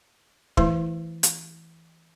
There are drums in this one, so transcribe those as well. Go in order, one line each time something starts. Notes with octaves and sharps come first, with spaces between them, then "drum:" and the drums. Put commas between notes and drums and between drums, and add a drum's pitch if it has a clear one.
E3 A3 E4 B4, drum: kick
drum: hi-hat